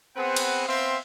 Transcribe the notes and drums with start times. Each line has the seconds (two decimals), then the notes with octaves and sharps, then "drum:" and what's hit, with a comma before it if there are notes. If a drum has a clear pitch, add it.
0.16 B3 C4 G#4 B4 C5 F#5
0.36 drum: cymbal
0.67 B3 C4 E5 F5 G5 C6